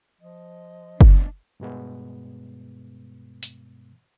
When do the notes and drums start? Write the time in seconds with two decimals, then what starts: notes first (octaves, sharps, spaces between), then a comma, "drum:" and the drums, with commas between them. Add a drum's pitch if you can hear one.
0.21 F3 D#5
1.01 G#2 B2 D4, drum: kick F#1
1.60 G2 B2 G#3 B3
3.43 drum: hi-hat